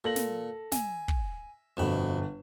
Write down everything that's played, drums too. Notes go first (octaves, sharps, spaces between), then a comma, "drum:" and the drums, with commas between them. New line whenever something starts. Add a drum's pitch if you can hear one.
A#2 A4 A#6 F#7
drum: snare
E5 G#5, drum: snare
drum: kick
G1 F2 B2 B5 E7